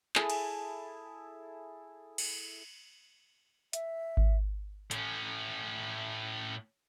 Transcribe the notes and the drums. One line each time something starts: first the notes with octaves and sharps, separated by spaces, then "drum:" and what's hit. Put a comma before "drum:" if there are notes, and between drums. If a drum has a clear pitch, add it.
E4 G#4 A4 E5, drum: clap
drum: cymbal
drum: cymbal
E5, drum: hi-hat
drum: kick G#1
A2 C#4, drum: hi-hat